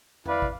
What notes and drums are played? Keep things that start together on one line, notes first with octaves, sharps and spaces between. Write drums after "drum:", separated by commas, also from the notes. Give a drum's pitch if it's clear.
E4 B4 D5 F5, drum: tom E2
drum: kick